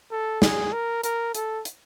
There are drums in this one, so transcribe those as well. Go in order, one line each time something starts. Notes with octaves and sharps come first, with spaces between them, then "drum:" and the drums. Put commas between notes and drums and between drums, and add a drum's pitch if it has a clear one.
A4
G#4, drum: snare
A#4
A#4, drum: hi-hat
A4, drum: hi-hat
drum: hi-hat